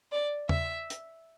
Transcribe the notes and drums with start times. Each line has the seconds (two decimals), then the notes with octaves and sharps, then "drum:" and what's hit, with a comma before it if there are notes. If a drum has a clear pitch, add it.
0.12 D5
0.49 E5, drum: tom E2
0.90 drum: hi-hat